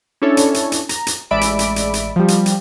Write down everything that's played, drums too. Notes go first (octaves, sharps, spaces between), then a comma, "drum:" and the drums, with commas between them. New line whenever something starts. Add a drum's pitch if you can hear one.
C#4 D4 E4 A4 C#5
drum: hi-hat
drum: hi-hat
drum: hi-hat
A#5, drum: hi-hat
drum: hi-hat
A1 G#3 D5 E5 B5 D7
drum: hi-hat
drum: hi-hat
drum: hi-hat
drum: hi-hat
F3 G3
drum: hi-hat
drum: hi-hat